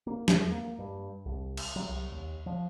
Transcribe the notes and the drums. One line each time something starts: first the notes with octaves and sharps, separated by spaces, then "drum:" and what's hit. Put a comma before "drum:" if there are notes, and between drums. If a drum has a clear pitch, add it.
A#3
E2, drum: snare
A#3
G2
C2
drum: cymbal
F#3
C2
D#2
F3